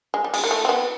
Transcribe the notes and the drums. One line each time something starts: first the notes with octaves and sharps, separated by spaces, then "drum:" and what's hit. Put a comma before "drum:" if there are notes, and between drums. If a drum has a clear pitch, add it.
G#3
G3
G#3, drum: cymbal
A#3
A3
C4
B3